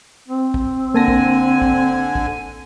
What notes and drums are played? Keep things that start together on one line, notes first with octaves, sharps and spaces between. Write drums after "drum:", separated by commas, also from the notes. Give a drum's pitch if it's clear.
C4
drum: kick
D3 A#3 G#5 A5 A#6
drum: kick
drum: kick
drum: kick